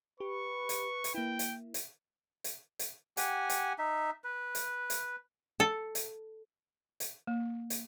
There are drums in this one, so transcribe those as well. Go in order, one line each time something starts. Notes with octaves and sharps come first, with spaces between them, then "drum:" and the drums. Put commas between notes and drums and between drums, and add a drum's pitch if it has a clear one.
G4 B4 C#6
drum: hi-hat
drum: hi-hat
A#3 E4 G5
drum: hi-hat
drum: hi-hat
drum: hi-hat
drum: hi-hat
G4 F#5 G#5, drum: hi-hat
drum: hi-hat
D#4 E5
B4
drum: hi-hat
drum: hi-hat
A4
drum: hi-hat
drum: hi-hat
A#3
drum: hi-hat